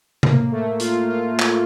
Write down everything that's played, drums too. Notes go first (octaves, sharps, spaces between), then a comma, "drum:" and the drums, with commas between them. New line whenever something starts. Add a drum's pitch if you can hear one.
A2 A#3, drum: tom C3
A3
F4, drum: hi-hat
A2 F4
drum: clap